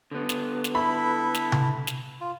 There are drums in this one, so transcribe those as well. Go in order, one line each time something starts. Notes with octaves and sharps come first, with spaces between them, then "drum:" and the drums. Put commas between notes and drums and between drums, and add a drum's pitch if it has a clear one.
D3 B3
drum: snare
drum: snare
E4 A4 E5 B5
drum: snare
drum: tom C3
drum: snare
F4